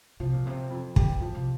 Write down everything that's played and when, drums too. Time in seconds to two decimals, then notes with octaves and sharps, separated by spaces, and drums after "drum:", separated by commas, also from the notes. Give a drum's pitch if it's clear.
0.20 C3 F3
0.33 A#2
0.46 C3 C4
0.71 F2
0.96 D#3 G4, drum: kick
1.21 F3
1.35 C3